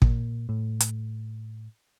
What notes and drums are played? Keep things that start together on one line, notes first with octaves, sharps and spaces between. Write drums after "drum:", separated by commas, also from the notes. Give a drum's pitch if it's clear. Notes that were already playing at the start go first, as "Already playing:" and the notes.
A#2, drum: kick
A2
drum: hi-hat